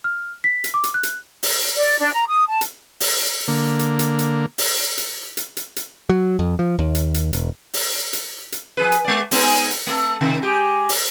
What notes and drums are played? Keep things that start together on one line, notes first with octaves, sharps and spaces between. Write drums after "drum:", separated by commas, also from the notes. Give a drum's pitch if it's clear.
F6
B6
drum: hi-hat
D6
drum: hi-hat
F#6
drum: hi-hat
drum: open hi-hat
D5
D4
A#5
D#6
A5
drum: hi-hat
drum: open hi-hat
D3 A#3
drum: hi-hat
drum: hi-hat
drum: hi-hat
drum: open hi-hat
drum: hi-hat
drum: hi-hat
drum: hi-hat
drum: hi-hat
F#3
F2
F3
D#2
drum: hi-hat
drum: hi-hat
E1, drum: hi-hat
drum: open hi-hat
drum: hi-hat
drum: hi-hat
F3 G#4 B4
drum: hi-hat
G#3 D5
G#3 B3 D#4, drum: open hi-hat
drum: hi-hat
A3 A4
C3 D#3
G#3 G4
drum: open hi-hat